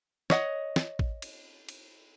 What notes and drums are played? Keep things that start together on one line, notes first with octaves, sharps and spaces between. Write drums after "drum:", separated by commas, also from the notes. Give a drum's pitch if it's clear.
C#5 D#5 F#5, drum: snare
drum: snare
drum: kick A1
drum: cymbal
drum: cymbal